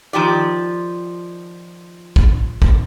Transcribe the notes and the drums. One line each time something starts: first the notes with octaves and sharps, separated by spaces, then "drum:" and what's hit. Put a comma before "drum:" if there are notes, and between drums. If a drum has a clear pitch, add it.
D#3 F3 G4 D5
drum: kick
drum: kick